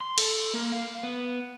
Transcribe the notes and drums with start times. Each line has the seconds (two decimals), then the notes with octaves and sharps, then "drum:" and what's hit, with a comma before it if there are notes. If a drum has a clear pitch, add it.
0.01 C6
0.18 A4, drum: cymbal
0.54 A#3
0.72 F5
1.03 B3